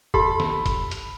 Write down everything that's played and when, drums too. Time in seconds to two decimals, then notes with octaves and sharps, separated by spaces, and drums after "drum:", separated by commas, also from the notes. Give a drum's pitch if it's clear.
0.14 G4 A4 B5, drum: kick F1
0.40 drum: snare
0.66 drum: kick F1, hi-hat
0.91 drum: hi-hat